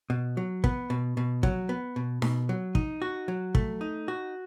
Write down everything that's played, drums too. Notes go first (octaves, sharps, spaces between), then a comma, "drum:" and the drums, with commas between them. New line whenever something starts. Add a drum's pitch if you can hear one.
B2
F#3
B3, drum: kick
B2
B2
F#3, drum: kick
B3
B2
B2, drum: snare D#4
F#3
D#4, drum: kick
F#4
F#3
A3, drum: kick
D#4
F#4